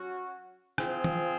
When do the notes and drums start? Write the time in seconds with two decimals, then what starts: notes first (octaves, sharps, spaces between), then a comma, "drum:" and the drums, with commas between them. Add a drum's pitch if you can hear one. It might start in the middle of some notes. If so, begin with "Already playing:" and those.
Already playing: F#3 C#4 F#4
0.78 F3 C4 F4 G#4, drum: rim click
1.04 drum: tom E3